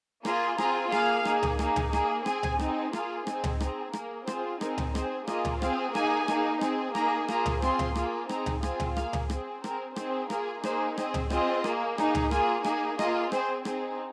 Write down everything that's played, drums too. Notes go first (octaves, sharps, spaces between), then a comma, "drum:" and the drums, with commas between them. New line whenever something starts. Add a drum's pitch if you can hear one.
A#3 F4 G#4 A#5, drum: rim click
C4 F4 G#4 A#5, drum: rim click
A#3 G#4 F5, drum: rim click
A#3 D#4 G#4, drum: rim click
drum: tom C#2
A#3 D#4 G#4, drum: rim click
drum: tom C#2
A#3 G#4, drum: rim click
C4 G#4 G#5, drum: rim click
drum: tom C#2
C4 D#4 G#4, drum: rim click
A#3 F4 G#4 F5, drum: rim click
C4 D#4 G#4 G#5, drum: rim click
drum: tom C#2
C4 G#4 A#5, drum: rim click
A#3 G#4 A#4, drum: rim click
C4 F4 G#4 C5, drum: rim click
C4 D#4 G#4 A#4, drum: rim click
drum: tom C#2
C4 G#4 C5, drum: rim click
A#3 F4 G#4 D#5, drum: rim click
drum: tom C#2
C4 G#4 F5, drum: rim click
A#3 D#4 G#4 G#5, drum: rim click
A#3 D#4 G#4, drum: rim click
C4 G#4, drum: rim click
A#3 D#4 G#4 A#5, drum: rim click
A#3 F4 G#4 A#5, drum: rim click
drum: tom C#2
C4 F4 G#4 C6, drum: rim click
drum: tom C#2
A#3 F4 G#4, drum: rim click
C4 D#4 G#4 A#5, drum: rim click
drum: tom C#2
C4 F4 G#4 G#5, drum: rim click
drum: tom C#2
A#3 G#4 F5, drum: rim click
drum: tom C#2
C4 G#4, drum: rim click
C4 G#4 A#4, drum: rim click
C4 D#4 G#4 C5, drum: rim click
A#3 F4 G#4 A#4, drum: rim click
A#3 D#4 G#4 C5, drum: rim click
C4 G#4 D#5, drum: rim click
drum: tom C#2
C4 F4 G#4 D#5, drum: rim click
A#3 G#4, drum: rim click
A#3 D#4 G#4, drum: rim click
drum: tom C#2
A#3 F4 G#4 G#5, drum: rim click
A#3 D#4 G#4 G#5, drum: rim click
A#3 F4 G#4 D#5, drum: rim click
C4 G#4 C5, drum: rim click
C4 D#4 G#4 C5, drum: rim click